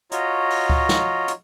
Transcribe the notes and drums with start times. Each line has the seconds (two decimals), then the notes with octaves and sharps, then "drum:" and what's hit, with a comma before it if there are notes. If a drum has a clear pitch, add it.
0.11 F4 F#4 C#5 D#5 A#5, drum: hi-hat
0.50 drum: open hi-hat
0.70 drum: kick C#2
0.89 drum: snare
1.28 drum: hi-hat